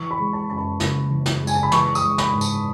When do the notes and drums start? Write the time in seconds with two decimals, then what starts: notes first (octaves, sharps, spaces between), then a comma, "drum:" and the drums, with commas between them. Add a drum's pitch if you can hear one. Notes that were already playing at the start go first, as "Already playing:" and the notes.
Already playing: E3 C#6
0.11 B5
0.19 G#3
0.33 A5
0.50 F#2 A5
0.57 B5
0.80 F#1, drum: snare
1.10 E3
1.26 drum: snare
1.41 G#3
1.47 G#5, drum: tambourine
1.55 A5
1.63 B5
1.72 E3 C#6, drum: snare
1.95 D#6, drum: tambourine
2.02 G#3
2.18 B5, drum: snare
2.32 G#2
2.41 A5, drum: tambourine